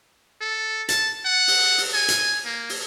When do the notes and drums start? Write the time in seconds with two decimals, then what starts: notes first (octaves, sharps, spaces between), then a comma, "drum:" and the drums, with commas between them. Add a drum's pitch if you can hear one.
0.41 A4
0.89 A5, drum: hi-hat
1.25 F#5
1.47 drum: open hi-hat
1.78 drum: open hi-hat
1.93 G#5
2.08 drum: hi-hat
2.46 A#3
2.69 drum: open hi-hat